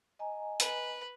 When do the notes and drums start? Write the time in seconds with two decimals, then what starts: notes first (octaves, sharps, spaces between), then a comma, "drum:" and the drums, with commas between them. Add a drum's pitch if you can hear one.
0.19 D#5 G#5 A#5
0.60 B4, drum: hi-hat